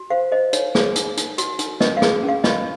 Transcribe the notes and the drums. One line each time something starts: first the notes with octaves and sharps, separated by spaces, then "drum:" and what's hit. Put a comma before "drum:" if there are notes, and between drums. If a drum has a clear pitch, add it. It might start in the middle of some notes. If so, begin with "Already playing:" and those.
Already playing: F#4
C5 F5
C5 D#5
D#4 C#5, drum: hi-hat
G#4, drum: snare
D#4, drum: hi-hat
D#4, drum: hi-hat
F#4, drum: hi-hat
D#4, drum: hi-hat
C#4 D#5, drum: snare
F5
G#4, drum: snare
C#4
F5
F4 D#5, drum: snare